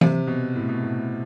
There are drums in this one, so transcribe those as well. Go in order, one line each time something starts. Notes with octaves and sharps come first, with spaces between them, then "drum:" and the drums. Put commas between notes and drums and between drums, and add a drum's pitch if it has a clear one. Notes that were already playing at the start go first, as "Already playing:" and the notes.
C3, drum: tom E3
B2
A2
B2
A2